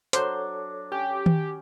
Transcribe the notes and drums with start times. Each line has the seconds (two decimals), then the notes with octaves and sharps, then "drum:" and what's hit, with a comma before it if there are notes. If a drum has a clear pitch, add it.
0.13 F#3 D4 A4 C5 C#5 C6, drum: hi-hat
0.92 C#4 G4
1.26 drum: tom D#3